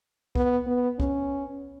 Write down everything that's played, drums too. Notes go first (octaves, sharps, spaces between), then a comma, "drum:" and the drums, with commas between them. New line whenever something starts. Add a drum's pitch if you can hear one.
B3, drum: kick
B3
C#4, drum: kick